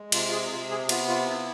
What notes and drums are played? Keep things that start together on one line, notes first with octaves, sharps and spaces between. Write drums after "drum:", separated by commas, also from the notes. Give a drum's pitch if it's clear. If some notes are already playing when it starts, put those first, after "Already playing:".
Already playing: G#3
C3 F4, drum: cymbal
F4
G#4
G#4
C3 F4
G#4
B3 F4, drum: cymbal
F4
E4